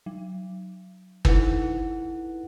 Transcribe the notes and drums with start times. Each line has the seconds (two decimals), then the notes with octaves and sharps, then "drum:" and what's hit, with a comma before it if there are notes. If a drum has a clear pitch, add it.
0.06 F#3
1.25 D#4 E4 A4 B4 F#5, drum: kick